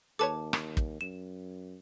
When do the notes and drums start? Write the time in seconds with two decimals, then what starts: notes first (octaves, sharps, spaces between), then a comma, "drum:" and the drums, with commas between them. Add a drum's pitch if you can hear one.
0.19 D#2 A4 B4 C#5 A5 D6
0.53 drum: rim click
0.77 drum: kick
1.01 F#2 E7